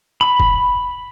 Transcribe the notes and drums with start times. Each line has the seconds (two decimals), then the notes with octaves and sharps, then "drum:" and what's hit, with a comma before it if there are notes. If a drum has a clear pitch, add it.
0.21 B5
0.40 drum: kick